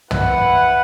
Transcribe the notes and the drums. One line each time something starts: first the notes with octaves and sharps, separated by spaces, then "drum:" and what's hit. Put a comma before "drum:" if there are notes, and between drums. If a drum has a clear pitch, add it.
E4 B4 F#5, drum: tom